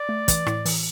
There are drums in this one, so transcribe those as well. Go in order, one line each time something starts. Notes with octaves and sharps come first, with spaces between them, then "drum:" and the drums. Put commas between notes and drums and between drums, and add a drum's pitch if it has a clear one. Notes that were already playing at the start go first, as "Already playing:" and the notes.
Already playing: D5
A3
E3, drum: kick, hi-hat
A2, drum: rim click
E3, drum: open hi-hat